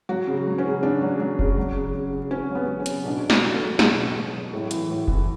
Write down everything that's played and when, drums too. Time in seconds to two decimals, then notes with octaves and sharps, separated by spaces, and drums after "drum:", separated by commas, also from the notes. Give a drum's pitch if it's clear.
0.09 F#3 F#4
0.27 C#3
0.47 F#3
0.58 C#4
0.65 C#3
0.83 C#3 D4
1.02 F#3
1.19 F#3
1.39 C#3, drum: kick F1
1.57 F#3
1.75 C#3
1.94 C#3
2.13 C#3
2.31 C#3 C#4
2.50 F#3
2.55 B3
2.68 F#3
2.80 C#4
2.86 C#3, drum: hi-hat
3.05 B2 D4
3.24 B2
3.30 F#4, drum: snare
3.42 F#3
3.54 A4
3.60 F#3
3.79 B2 G#4, drum: snare
3.98 B2
4.16 B2
4.34 F#3
4.53 A2
4.71 E3, drum: hi-hat
4.90 A2
5.08 E3, drum: kick F1